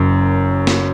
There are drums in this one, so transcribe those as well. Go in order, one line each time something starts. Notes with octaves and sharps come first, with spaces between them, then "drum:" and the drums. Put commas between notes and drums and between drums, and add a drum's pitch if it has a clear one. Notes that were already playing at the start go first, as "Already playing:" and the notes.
Already playing: F#1 F#2
drum: snare